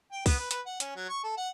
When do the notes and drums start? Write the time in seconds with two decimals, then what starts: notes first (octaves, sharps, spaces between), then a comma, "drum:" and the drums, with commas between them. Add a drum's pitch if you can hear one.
0.12 G5
0.26 B3, drum: kick C2, open hi-hat
0.39 B4
0.51 B4, drum: hi-hat
0.66 F#5
0.80 C#4, drum: hi-hat
0.96 F#3
1.09 C#6
1.24 A4
1.37 F#5